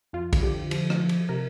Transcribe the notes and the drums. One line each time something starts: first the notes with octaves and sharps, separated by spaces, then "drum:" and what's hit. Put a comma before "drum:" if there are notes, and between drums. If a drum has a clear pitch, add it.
F2 F4
drum: kick, cymbal
D3 G4
F3, drum: cymbal
drum: rim click
F3
drum: cymbal
C3 A#4